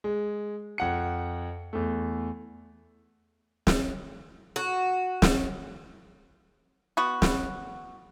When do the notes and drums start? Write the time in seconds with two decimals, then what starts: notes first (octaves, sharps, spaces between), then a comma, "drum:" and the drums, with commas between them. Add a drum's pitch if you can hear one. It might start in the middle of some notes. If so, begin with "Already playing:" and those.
0.04 G#3
0.78 F2 F#5 C#7
1.73 E2 A3
3.67 drum: snare
4.56 F#4
5.22 drum: snare
6.97 B3 F#4
7.22 drum: snare